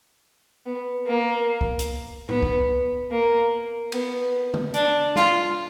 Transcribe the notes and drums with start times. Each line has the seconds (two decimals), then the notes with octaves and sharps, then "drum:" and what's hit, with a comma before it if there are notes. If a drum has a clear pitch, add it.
0.66 B3
1.06 A#3
1.61 drum: kick
1.79 drum: hi-hat
2.29 B3, drum: tom A2
2.43 drum: kick
3.11 A#3
3.92 B3, drum: cymbal
4.54 drum: tom C#3
4.74 D4, drum: hi-hat
5.16 F4, drum: snare